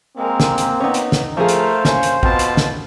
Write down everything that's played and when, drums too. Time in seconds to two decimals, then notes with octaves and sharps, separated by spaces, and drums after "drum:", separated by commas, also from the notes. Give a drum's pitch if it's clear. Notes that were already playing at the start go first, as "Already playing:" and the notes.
0.17 G#3 A#3 C4 A#4
0.40 drum: snare
0.58 drum: hi-hat
0.80 B3 C#4 D#4
0.94 drum: hi-hat
1.12 drum: snare
1.37 F3 A3 G#4 A#4 C5 F5
1.48 drum: hi-hat
1.85 A#3 C#4 C#5 F5, drum: snare
2.03 drum: hi-hat
2.23 B2 C4 F4 A5, drum: kick A1
2.39 drum: hi-hat
2.57 drum: snare